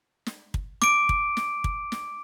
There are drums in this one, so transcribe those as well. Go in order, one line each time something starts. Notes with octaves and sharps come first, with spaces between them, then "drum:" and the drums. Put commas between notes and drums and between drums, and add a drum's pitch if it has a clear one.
drum: snare
drum: kick
D6 D7, drum: snare
drum: kick
drum: snare
drum: kick
drum: snare